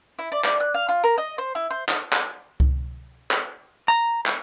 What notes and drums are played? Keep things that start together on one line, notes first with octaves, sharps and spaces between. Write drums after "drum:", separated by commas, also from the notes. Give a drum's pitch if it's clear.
E4
D5
D5, drum: clap
F#6
F5
F4
A#4
D#5
C5
E4
C5
drum: clap
drum: clap
drum: kick C2
drum: clap
A#5
drum: clap